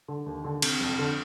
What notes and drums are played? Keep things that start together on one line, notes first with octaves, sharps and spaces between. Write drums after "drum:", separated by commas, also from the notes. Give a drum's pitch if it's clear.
D3
D#2
D3
C3, drum: cymbal
F2
D3